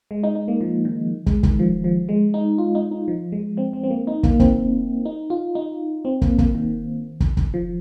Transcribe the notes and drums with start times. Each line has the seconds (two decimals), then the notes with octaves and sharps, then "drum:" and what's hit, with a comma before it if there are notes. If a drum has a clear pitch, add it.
0.11 G#3
0.24 D#4
0.35 D#4
0.48 A#3
0.61 F3
0.85 D#3
1.26 G#3, drum: kick
1.43 D#3, drum: kick
1.59 F3
1.84 F3
2.09 G#3
2.34 D#4
2.58 F4
2.75 D#4
2.91 D#4
3.08 F3
3.32 G#3
3.57 C4
3.73 C4
3.84 C4
3.90 A#3
4.07 D#4
4.23 A#3, drum: kick
4.40 C4, drum: kick
5.05 D#4
5.30 F4
5.55 D#4
6.05 C4
6.22 A#3, drum: kick
6.39 A#3, drum: kick
6.55 D#3
7.20 drum: kick
7.37 drum: kick
7.54 F3